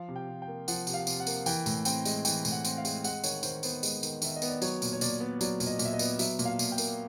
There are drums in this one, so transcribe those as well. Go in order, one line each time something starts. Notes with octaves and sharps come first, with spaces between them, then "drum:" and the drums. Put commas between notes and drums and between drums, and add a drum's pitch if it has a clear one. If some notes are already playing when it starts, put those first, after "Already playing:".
Already playing: F3 F5
C3
G5
C3
G5
A#3
F3 F#5, drum: tambourine
C3, drum: tambourine
F5
C3, drum: tambourine
F#5
A#3, drum: tambourine
E3 G5, drum: tambourine
A2, drum: tambourine
C4 G5, drum: tambourine
G#3, drum: tambourine
E3 G5, drum: tambourine
A2, drum: tambourine
F#5
C4, drum: tambourine
F5
G#3, drum: tambourine
G#3 F#5, drum: tambourine
D#3 C#5, drum: tambourine
D#3 C5, drum: tambourine
B3 C5, drum: tambourine
G#3, drum: tambourine
D#3, drum: tambourine
D#3 E5, drum: tambourine
D#5
B3, drum: tambourine
D5
F#3 C#5, drum: tambourine
A#2, drum: tambourine
C#5
A#2 D5, drum: tambourine
B3
F#3 D5, drum: tambourine
A#2, drum: tambourine
D#5
A#2, drum: tambourine
E5
D#5
B3, drum: tambourine
F#3 E5, drum: tambourine
A#2, drum: tambourine
F5
A#2, drum: tambourine
G5
A#3, drum: tambourine